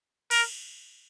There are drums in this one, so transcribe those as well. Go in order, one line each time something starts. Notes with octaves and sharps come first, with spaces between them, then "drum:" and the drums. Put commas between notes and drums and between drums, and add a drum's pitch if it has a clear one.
A#4, drum: cymbal